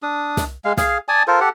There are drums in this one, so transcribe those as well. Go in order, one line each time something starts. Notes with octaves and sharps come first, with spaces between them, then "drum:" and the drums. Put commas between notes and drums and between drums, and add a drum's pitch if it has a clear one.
D4 D#6
drum: snare
G#3 F5
G#4 F5, drum: snare
D5 G#5 A5 D#6
F4 A4 A#4 C5
G4 A4 F#5